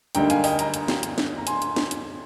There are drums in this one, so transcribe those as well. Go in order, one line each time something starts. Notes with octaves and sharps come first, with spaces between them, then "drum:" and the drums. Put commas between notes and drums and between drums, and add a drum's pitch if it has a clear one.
D2 D3 G3 A#3 D#4 G5 A#5, drum: hi-hat
F5 G#5, drum: hi-hat
D#5 G5, drum: open hi-hat
G5 A#5, drum: hi-hat
drum: hi-hat
drum: snare
drum: hi-hat
drum: snare
A#5
G#5 C6, drum: hi-hat
drum: hi-hat
drum: snare
drum: hi-hat